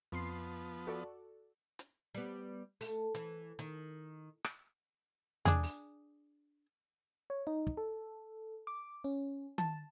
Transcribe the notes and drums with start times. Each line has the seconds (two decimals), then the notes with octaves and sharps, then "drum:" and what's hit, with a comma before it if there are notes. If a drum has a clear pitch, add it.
0.12 F2 F3 B3 C6 C7
0.87 F#4 A4 D5
1.79 drum: hi-hat
2.15 G3 B3
2.81 A3, drum: open hi-hat
3.15 E3, drum: hi-hat
3.59 D#3, drum: hi-hat
4.44 drum: rim click
5.45 D4 G#4, drum: tom E2
5.63 drum: open hi-hat
7.30 C#5
7.47 D#4
7.67 drum: kick
7.77 A4
8.67 D6
9.04 C#4
9.58 A5, drum: tom D#3